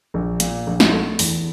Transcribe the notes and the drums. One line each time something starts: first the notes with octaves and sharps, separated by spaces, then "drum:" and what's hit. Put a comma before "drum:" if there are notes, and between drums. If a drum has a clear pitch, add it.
A#1
A#2, drum: hi-hat
A#1
drum: snare
A3
E2, drum: open hi-hat